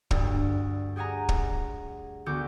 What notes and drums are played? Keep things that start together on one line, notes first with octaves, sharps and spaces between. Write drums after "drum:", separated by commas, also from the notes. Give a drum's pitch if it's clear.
D2 G2, drum: kick
G4 G#4 F#5 G#5 A#5
drum: kick
D2 D3 B3 F#4 D6 G6